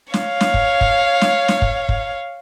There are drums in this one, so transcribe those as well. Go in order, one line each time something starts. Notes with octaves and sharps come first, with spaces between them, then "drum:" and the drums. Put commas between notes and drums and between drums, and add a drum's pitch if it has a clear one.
C#5 F5, drum: snare
drum: snare
drum: kick
drum: kick
drum: snare
drum: snare
drum: kick
drum: kick